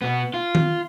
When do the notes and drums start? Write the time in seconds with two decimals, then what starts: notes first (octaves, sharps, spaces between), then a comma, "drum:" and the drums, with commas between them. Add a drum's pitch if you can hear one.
0.02 B2 B3
0.34 F4
0.55 drum: tom D#3